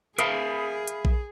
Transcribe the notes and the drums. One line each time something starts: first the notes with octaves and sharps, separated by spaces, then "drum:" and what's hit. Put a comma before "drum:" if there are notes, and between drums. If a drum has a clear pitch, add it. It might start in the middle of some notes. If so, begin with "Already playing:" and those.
G#4 A#4 E5 F5 B5 D#6 C7, drum: hi-hat
drum: hi-hat
drum: kick A#1